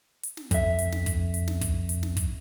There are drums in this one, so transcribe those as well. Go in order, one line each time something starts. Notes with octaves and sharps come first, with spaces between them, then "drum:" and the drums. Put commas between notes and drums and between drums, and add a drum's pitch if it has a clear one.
drum: hi-hat
drum: snare
F2 E5, drum: kick, hi-hat
drum: hi-hat
drum: snare
drum: kick, hi-hat
drum: hi-hat
drum: snare
drum: kick, hi-hat
drum: hi-hat
drum: snare
drum: kick, hi-hat